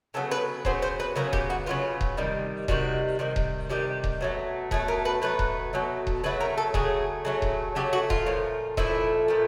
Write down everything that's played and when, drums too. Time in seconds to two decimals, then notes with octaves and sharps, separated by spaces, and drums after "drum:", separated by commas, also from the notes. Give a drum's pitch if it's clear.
0.14 C#3 F#3 B3 A4
0.31 B4
0.65 C#3 F#3 B3 C5, drum: kick D#1
0.82 C5
1.00 B4
1.16 C#3 F#3 B3 A#4
1.33 G4, drum: kick D#1
1.50 F#4
1.66 C#3 F#3 B3 F4
2.01 drum: kick D#1
2.17 C3 D#3 G3
2.68 C3 D#3 G3 F#4, drum: kick D#1
3.19 C3 D#3 G3
3.36 drum: kick D#1
3.69 C3 D#3 G3 G4
4.04 drum: kick D#1
4.21 B2 F#3 A3
4.71 B2 F#3 A3 G#4, drum: kick D#1
4.88 A#4
5.05 B4
5.22 B2 F#3 A3 B4
5.39 drum: kick D#1
5.73 B2 F#3 A3
6.07 drum: kick D#1
6.24 C#3 F#3 A3 B4
6.40 A#4
6.58 A4
6.74 C#3 F#3 A3 G#4, drum: kick D#1
7.25 C#3 F#3 A3
7.42 drum: kick D#1
7.75 C#3 F#3 A3 G4
7.93 F#4
8.10 F4, drum: kick D#1
8.26 A#2 F3 A3
8.77 A#2 F3 A3 E4, drum: kick D#1
9.28 A#2 F3 A3